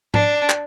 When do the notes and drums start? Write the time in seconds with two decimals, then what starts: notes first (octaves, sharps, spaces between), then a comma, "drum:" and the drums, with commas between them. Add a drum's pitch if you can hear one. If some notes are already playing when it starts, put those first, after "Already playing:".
0.14 D4, drum: tom G#2
0.49 drum: clap